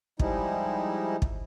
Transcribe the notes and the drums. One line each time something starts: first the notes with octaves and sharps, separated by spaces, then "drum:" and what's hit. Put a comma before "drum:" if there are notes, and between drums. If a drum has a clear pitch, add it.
F3 G3 G#3 D#4 E4, drum: kick
drum: kick